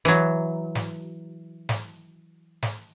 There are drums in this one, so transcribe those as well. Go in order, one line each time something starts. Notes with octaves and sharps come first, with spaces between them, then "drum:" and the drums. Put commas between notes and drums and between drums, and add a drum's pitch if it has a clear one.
E3 F#3
drum: snare
drum: snare
drum: snare